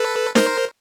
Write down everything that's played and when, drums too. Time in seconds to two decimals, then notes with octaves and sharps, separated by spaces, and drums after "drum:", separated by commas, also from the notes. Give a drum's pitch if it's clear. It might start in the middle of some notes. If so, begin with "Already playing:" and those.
Already playing: A4 B4
0.35 A#4 C5, drum: snare D#4